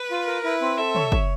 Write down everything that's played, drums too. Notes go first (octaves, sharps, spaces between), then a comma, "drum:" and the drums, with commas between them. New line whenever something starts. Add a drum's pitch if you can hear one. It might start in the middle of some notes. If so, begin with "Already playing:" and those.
Already playing: B4
F4
A#4
E4 B4
C4
A4 E5
C#5, drum: tom
C#5, drum: kick